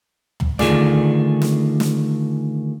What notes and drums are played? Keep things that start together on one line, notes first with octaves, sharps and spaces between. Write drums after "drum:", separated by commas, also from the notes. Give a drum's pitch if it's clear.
drum: tom
D3 D#3 A3 F4 G#4 D5, drum: snare
drum: snare
drum: snare